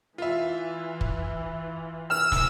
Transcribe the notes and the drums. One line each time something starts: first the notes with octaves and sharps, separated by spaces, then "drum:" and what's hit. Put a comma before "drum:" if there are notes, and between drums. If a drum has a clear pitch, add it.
E3 F4 E5
drum: kick
E6 F6
drum: snare